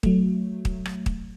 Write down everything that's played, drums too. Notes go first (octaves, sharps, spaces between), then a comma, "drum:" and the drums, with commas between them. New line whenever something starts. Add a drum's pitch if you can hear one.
F#3 A3, drum: kick
drum: kick
drum: rim click
drum: kick